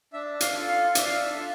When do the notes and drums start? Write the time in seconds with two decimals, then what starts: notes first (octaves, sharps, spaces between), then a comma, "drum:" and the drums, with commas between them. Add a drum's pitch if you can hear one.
0.13 D4 E5
0.40 F5, drum: hi-hat
0.55 F4 A4
0.68 F5
0.95 D4 E5, drum: hi-hat
1.04 F5
1.14 E5
1.36 F4 A4